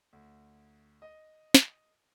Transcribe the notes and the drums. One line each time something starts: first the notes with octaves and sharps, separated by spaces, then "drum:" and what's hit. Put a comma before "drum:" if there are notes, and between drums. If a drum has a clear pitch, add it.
D2
D#5
drum: snare